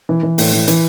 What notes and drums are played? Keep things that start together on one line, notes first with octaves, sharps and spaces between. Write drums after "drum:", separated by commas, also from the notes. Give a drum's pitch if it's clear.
E3
E3
A2, drum: open hi-hat
E3
E3, drum: hi-hat